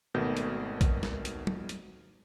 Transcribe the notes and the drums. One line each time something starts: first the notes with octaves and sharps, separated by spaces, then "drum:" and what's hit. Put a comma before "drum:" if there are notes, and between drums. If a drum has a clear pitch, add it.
G#1 B2 D#3 A3 G6
drum: hi-hat
drum: kick A#1, hi-hat
drum: snare
drum: hi-hat
drum: tom
drum: hi-hat